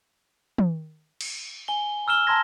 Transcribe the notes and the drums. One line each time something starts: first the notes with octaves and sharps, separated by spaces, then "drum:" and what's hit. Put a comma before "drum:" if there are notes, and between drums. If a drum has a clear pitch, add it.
drum: tom
drum: cymbal
G#5 G7
A#5 E6 F6 E7 G7
A5 A#5 C6 G#6 A#6